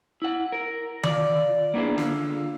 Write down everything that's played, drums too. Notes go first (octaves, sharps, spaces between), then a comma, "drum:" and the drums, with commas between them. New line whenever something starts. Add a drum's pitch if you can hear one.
E4 F#5
A#4
F4 D5, drum: tom D#3
A#3 B3 D4 E4 G#4
D3 F4, drum: snare